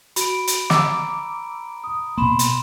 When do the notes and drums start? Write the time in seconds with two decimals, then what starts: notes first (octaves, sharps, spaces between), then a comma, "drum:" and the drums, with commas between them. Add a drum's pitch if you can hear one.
0.16 F#4 B5 D7, drum: hi-hat
0.48 drum: hi-hat
0.70 A#5 D6 E6, drum: snare
1.84 D#6
2.18 B2 A#3 B5 C6 E7
2.39 drum: hi-hat